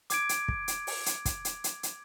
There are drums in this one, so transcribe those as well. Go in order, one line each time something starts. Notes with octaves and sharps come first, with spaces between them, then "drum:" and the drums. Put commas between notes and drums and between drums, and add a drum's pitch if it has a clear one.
D6 G#6 D7, drum: hi-hat
drum: hi-hat
drum: kick
drum: hi-hat
drum: open hi-hat
drum: hi-hat
drum: kick, hi-hat
drum: hi-hat
drum: hi-hat
drum: hi-hat